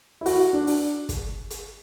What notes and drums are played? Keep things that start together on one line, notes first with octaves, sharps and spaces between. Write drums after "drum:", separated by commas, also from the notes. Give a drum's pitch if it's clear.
E4
F#4, drum: open hi-hat
D4
drum: open hi-hat
drum: kick, hi-hat
drum: hi-hat